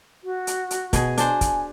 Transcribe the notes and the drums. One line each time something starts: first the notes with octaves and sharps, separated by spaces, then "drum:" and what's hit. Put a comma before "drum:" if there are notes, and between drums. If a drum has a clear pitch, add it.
F#4
drum: hi-hat
drum: hi-hat
B2 G#4, drum: kick, hi-hat
D4 C5 G#5, drum: hi-hat
drum: kick, hi-hat